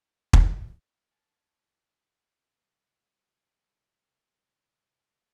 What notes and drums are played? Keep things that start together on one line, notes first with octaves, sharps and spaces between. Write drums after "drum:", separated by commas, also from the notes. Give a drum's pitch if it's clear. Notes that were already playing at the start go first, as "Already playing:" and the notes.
drum: kick
A#3 G#5 A5
C2 F#2